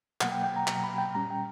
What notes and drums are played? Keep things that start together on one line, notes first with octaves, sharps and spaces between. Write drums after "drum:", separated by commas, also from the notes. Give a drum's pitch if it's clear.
B2 F#3 A#3 F#5, drum: clap
G5
G5
A#5
B2 F#3 A#3 A#5, drum: clap
B5
G5
A#2 G3 C#4 A#5
G5